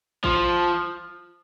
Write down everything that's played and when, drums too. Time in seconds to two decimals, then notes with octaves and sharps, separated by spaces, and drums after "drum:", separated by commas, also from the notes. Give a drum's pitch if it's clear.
0.24 F3, drum: kick